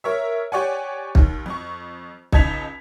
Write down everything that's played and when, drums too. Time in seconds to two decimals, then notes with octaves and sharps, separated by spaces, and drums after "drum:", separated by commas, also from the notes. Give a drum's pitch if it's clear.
0.04 A#4 C#5 E5
0.52 G4 C#5 D5 F#5 G#5
1.15 D#2 D#3, drum: kick
1.46 F2 C#6
2.32 C#2 D#4 A5 G#6 B6 F7, drum: kick